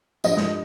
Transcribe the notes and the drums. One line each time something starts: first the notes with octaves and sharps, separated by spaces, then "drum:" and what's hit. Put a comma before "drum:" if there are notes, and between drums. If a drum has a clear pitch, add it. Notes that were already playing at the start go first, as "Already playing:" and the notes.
G2 F3 D#5, drum: tambourine
drum: snare